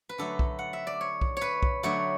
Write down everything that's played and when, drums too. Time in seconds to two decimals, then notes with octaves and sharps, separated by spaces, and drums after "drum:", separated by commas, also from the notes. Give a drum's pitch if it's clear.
0.09 B4
0.18 D3 F#3 A3 A4
0.39 drum: kick B1
0.59 F#5
0.73 E5
0.87 D5
1.01 C#5
1.21 drum: kick B1
1.37 B4 C#5
1.63 drum: kick B1
1.83 D3 F#3 A3 C#5